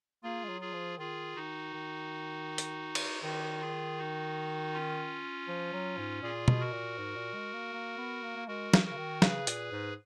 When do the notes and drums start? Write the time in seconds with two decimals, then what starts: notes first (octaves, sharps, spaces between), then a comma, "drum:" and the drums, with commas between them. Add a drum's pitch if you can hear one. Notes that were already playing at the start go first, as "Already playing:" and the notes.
0.23 A#3 F4 G#4
0.44 G#3
0.49 F#3
0.61 F4 G#4
0.73 F3
0.98 D#3 F4 G#4
1.36 D#3 D#4 F#4
1.73 D#3
2.58 drum: hi-hat
2.95 drum: cymbal
3.23 D#3 D#4 F#4
3.60 F4 G#4
3.98 D#4 F#4
4.73 C#4 F4
5.48 F3
5.73 F#3
5.98 G#2
6.23 A#2 F4 G#4
6.48 B2, drum: tom
6.60 F#4 A#4
6.72 A#2
6.98 G#2
7.16 A#2
7.35 G#3
7.54 A#3
7.73 A#3
7.98 B3
8.23 A#3
8.36 A#3
8.48 G#3 F#4 A#4
8.74 drum: snare
8.85 F#4 A#4
8.90 C#3
8.97 D#3
9.22 C#3 G#4 B4, drum: snare
9.47 A#2, drum: hi-hat
9.72 G#2